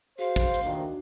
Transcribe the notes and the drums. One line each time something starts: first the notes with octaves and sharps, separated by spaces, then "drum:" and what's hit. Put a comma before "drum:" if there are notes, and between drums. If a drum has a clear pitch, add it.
F#4 G#4 C5 F5
drum: kick, hi-hat
drum: hi-hat
D2 A#2 D#3 D4 F#4